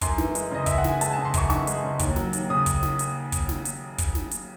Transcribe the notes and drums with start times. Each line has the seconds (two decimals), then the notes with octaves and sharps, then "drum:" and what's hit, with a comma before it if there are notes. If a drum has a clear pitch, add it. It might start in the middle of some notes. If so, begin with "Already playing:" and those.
0.01 F#2 C6, drum: kick, hi-hat
0.18 E3, drum: snare
0.35 G#3, drum: hi-hat
0.51 C#3 D#5
0.66 F#2 E5, drum: kick, hi-hat
0.78 F#5
0.84 E3 G#5, drum: snare
1.01 G#3 A5, drum: hi-hat
1.13 A5
1.18 C#3
1.25 C6
1.34 F#2 C#6, drum: kick, hi-hat
1.50 E3 C#6, drum: snare
1.67 G#3, drum: hi-hat
1.84 C#3
1.99 D#2, drum: kick, hi-hat
2.16 F#3, drum: snare
2.33 D#2, drum: hi-hat
2.49 C#3 D#6
2.66 drum: kick, hi-hat
2.83 drum: snare
2.99 drum: hi-hat
3.32 drum: kick, hi-hat
3.49 drum: snare
3.65 drum: hi-hat
3.98 drum: kick, hi-hat
4.15 drum: snare
4.31 drum: hi-hat